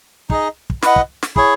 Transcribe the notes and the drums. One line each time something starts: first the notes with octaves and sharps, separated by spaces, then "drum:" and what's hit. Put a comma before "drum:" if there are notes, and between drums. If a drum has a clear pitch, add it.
D#4 G#4 D#5, drum: kick
drum: kick
E4 B4 D#5 F#5, drum: snare
drum: kick
drum: snare
E4 G#4 C#5, drum: kick